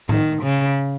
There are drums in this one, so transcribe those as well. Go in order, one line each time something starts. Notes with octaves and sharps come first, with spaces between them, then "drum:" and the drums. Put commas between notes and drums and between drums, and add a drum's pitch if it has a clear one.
D#3, drum: tom A2
C#3